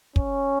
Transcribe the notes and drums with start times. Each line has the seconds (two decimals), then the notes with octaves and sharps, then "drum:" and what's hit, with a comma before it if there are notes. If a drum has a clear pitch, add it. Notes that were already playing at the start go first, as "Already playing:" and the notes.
0.16 C#4, drum: kick